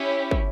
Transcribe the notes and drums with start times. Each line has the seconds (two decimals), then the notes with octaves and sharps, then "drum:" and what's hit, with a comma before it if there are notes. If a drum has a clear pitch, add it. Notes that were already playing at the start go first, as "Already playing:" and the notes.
Already playing: C#4 E4 G4
0.31 drum: kick